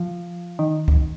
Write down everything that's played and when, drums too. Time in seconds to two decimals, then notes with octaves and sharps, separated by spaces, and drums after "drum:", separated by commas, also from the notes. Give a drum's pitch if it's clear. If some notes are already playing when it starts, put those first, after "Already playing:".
Already playing: F3
0.59 D#3
0.88 drum: kick